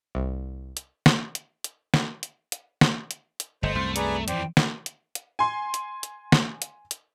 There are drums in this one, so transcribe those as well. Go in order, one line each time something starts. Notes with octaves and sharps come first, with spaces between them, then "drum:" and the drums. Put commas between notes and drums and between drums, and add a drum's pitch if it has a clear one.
C2
drum: hi-hat
drum: snare
drum: hi-hat
drum: hi-hat
drum: snare
drum: hi-hat
drum: hi-hat
drum: snare
drum: hi-hat
drum: hi-hat
G1 A3 C5 D#5
C2 F#2 C6
G#4 B4 D5 A#5, drum: hi-hat
F2 E3 C5 D5 G5, drum: hi-hat
drum: snare
drum: hi-hat
drum: hi-hat
G#5 C6
drum: hi-hat
drum: hi-hat
drum: snare
drum: hi-hat
drum: hi-hat